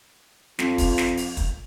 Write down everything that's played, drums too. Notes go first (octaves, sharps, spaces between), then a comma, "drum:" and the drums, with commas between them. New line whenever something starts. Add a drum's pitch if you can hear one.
F2, drum: snare
drum: kick, open hi-hat
drum: snare
drum: open hi-hat
drum: kick, hi-hat